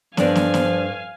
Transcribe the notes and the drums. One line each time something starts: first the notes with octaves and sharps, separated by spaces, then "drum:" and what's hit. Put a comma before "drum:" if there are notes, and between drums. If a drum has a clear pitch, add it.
G2 F3 D4 A4 C5 D5 F5 G#5, drum: snare
drum: snare
drum: snare